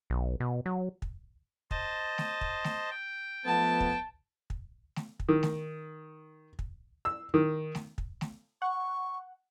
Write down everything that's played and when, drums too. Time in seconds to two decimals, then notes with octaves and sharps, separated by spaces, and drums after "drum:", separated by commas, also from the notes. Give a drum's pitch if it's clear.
0.10 B1
0.40 B2
0.66 F#3
1.02 drum: kick
1.71 C5 D#5 A5, drum: kick
2.18 drum: snare A3
2.41 drum: kick
2.64 drum: snare A3
2.90 G5
3.46 F3 A3 B3 A5
3.80 drum: kick
4.50 drum: kick
4.96 drum: snare A3
5.20 drum: kick
5.29 D#3
5.43 drum: snare A3
6.59 drum: kick
7.05 E6
7.34 D#3
7.75 drum: snare A3
7.98 drum: kick
8.21 drum: snare A3
8.62 F#5 C#6